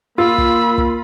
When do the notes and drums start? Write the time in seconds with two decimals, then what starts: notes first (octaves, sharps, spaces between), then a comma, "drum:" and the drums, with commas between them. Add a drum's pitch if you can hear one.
0.18 A#3 F4 B5 E6
0.38 drum: kick
0.78 drum: kick